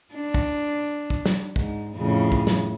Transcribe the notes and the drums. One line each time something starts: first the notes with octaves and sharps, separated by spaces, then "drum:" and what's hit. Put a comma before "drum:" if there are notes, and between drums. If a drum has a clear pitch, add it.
D4
drum: kick
drum: kick
drum: snare
G#2, drum: kick
F2 A2 C#3
drum: kick
drum: snare